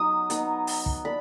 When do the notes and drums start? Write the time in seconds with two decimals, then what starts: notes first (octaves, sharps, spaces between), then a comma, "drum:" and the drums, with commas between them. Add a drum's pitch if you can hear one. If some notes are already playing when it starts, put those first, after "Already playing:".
Already playing: F#3 B3 D#4 D#6
0.30 F#3 B3 D#4, drum: hi-hat
0.67 drum: open hi-hat
0.86 drum: kick
1.05 D4 B5